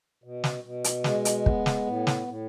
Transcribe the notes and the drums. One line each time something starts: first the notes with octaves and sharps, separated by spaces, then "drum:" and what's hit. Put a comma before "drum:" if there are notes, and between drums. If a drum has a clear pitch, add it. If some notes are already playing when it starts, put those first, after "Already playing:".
B2
drum: snare
B2
drum: hi-hat
G#3, drum: snare
drum: hi-hat
B3, drum: kick
drum: snare
A2
drum: snare
A2